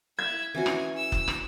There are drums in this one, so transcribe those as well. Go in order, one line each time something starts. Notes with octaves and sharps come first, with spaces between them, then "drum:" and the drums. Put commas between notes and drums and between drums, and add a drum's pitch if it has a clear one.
E4 E6 G#6
E3 C#4 F#4 G#5
drum: rim click
E6 E7
drum: kick F#1
drum: rim click